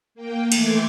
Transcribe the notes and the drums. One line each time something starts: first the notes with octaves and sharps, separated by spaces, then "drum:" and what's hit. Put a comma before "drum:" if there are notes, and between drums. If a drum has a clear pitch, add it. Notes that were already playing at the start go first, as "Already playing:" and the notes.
A#3 G5
E3 A3 C6 D6 G6 G#6, drum: cymbal